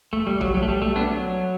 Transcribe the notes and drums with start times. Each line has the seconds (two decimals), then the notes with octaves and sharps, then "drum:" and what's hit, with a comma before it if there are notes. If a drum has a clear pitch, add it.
0.13 A3, drum: kick
0.27 G3
0.41 F#3, drum: tom B1
0.54 F#3
0.63 A3
0.68 G3
0.82 A3
0.96 B3 D4
1.09 F#3